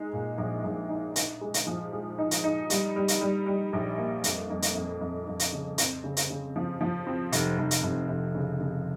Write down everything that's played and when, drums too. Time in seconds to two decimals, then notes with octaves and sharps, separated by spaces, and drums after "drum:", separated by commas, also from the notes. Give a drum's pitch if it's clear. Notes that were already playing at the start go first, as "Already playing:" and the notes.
Already playing: G#3 D#4
0.13 A#2
0.38 A#1
0.64 A#1
0.89 D#4
1.16 D#4, drum: hi-hat
1.41 G#3
1.54 drum: hi-hat
1.67 F3
1.92 G#3
2.18 D#4
2.31 drum: hi-hat
2.44 D#4
2.70 G3, drum: hi-hat
2.96 G3
3.08 drum: hi-hat
3.21 G3
3.46 G3
3.73 A#1
3.98 A#3
4.24 F2, drum: hi-hat
4.50 F2
4.62 drum: hi-hat
4.75 F2
5.01 F2
5.27 F2
5.39 drum: hi-hat
5.53 C#3
5.78 C4, drum: hi-hat
6.04 C#3
6.17 drum: hi-hat
6.30 C#3
6.56 F3
6.81 F3
7.07 C4
7.32 F1, drum: hi-hat
7.59 F1
7.71 drum: hi-hat
7.83 F1
8.09 F1
8.35 C#3
8.60 C#3